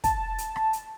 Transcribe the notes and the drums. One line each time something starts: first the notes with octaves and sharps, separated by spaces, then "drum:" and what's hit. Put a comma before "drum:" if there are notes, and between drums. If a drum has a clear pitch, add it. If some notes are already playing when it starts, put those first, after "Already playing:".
A5, drum: kick, hi-hat
drum: hi-hat
drum: rim click
drum: hi-hat